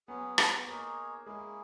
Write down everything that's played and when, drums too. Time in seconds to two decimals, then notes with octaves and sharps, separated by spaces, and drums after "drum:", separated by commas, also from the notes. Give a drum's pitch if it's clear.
0.08 F#3 B3 C#4 G#4
0.38 drum: rim click
0.67 A#3 D#4 G#4 C#5
1.26 G#3 A#3 C#4 E4 G#4